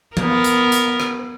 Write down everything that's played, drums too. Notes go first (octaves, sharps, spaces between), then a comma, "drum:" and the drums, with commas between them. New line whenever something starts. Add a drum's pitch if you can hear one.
B3 A#4, drum: tom F3
drum: hi-hat
drum: hi-hat
drum: rim click